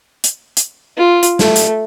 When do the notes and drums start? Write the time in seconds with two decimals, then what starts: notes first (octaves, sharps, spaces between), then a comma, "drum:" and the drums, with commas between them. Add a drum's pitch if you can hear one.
0.24 drum: hi-hat
0.57 drum: hi-hat
0.98 F4
1.23 drum: hi-hat
1.39 A3, drum: snare
1.56 drum: hi-hat